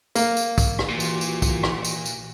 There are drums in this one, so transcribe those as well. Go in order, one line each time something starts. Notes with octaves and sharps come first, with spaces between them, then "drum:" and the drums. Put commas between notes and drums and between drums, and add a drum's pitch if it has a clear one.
A#3, drum: tambourine
drum: tambourine
drum: kick, tambourine
drum: rim click
A#2 E3 F#4 G4
drum: tambourine
drum: tambourine
drum: kick, tambourine
drum: rim click
drum: tambourine
drum: tambourine